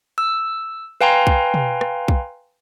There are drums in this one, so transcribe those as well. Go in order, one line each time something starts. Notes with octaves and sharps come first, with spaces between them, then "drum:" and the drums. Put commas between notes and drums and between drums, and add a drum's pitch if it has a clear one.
E6
B4 F5 G5 G#5 A#5 C6
drum: kick B1
drum: tom B2
drum: rim click
drum: kick B1